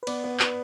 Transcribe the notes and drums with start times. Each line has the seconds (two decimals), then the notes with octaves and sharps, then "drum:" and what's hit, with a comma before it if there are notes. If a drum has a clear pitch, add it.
0.03 B4
0.07 B3 D5, drum: cymbal
0.24 B3
0.40 B3, drum: clap